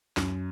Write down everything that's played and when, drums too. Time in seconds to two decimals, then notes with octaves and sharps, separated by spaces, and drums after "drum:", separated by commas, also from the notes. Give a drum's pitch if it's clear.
0.17 F#2, drum: snare